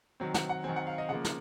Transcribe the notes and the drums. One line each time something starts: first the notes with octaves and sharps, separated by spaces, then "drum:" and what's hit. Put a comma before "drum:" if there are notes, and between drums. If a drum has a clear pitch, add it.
D#3 F#3 C4
F#5, drum: snare
F#5
D#3 F#3 C4 G#5
F#5
F5
D#5
C#3 F3 A#3 F#5
drum: snare